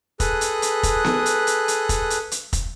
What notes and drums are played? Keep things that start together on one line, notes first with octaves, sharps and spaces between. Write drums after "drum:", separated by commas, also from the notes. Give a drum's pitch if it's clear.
G#4 A4 B4 D#6 F#6, drum: kick, hi-hat
drum: hi-hat
drum: hi-hat
drum: kick, hi-hat
drum: snare B3
drum: hi-hat
drum: hi-hat
drum: hi-hat
drum: kick, hi-hat
drum: hi-hat
drum: hi-hat
drum: kick, hi-hat